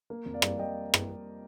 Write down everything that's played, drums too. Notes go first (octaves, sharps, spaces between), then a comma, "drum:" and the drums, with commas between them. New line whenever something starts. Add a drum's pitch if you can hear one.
A#3
F2
D5 F5
G3, drum: rim click
G3 D#5 G5
drum: rim click